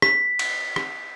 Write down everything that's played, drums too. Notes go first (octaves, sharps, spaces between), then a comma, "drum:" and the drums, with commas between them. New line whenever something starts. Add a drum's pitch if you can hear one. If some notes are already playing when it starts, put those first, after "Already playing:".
B6, drum: rim click
drum: cymbal
drum: rim click